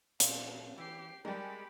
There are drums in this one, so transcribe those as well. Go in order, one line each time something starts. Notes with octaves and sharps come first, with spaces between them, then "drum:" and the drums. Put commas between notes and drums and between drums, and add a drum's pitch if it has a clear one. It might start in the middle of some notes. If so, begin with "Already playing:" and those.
A#2 F5, drum: hi-hat
E3 G4 C7
G3 G#3 G4 A#4 B5